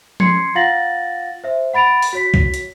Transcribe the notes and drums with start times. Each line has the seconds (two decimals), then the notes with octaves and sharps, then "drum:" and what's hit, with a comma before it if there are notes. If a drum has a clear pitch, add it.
0.20 C6 G#6 C7 C#7, drum: tom F3
0.55 F4 F5 F#5 A6 A#6 F#7
1.44 C5 E5
1.73 F#5 B5 A6 D7 F7
2.02 drum: open hi-hat
2.13 F#4 C#5 B6
2.34 drum: kick
2.54 drum: hi-hat